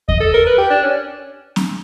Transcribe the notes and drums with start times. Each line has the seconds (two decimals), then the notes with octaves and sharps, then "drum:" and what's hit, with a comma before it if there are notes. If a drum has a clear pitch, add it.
0.09 D#5, drum: kick E2
0.21 A4
0.34 A#4
0.46 B4
0.58 G4
0.70 D4
0.83 C#4
1.56 drum: snare C4